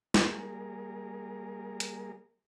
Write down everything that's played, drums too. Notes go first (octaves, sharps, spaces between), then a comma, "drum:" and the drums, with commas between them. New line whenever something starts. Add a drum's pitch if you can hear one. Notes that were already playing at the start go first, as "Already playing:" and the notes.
G3 A#3 G#4 A#4, drum: snare
drum: hi-hat